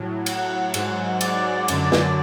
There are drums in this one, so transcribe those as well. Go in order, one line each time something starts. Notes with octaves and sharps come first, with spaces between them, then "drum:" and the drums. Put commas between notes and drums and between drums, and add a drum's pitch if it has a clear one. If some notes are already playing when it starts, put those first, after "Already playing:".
Already playing: A2 F#3
F#5, drum: cymbal
G#2 F#3, drum: cymbal
D5, drum: cymbal
F#2 D3 F#3, drum: cymbal
drum: snare